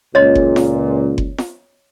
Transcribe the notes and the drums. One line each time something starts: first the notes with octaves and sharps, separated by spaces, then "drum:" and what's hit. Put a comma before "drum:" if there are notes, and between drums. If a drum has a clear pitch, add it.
C#2 A#2 C#5 D#5
drum: kick F#1
drum: snare F4
drum: kick F#1
drum: snare F4